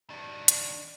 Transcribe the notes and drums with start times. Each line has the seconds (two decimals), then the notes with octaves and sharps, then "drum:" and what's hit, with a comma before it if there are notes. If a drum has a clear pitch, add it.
0.10 D#3 D4
0.48 drum: hi-hat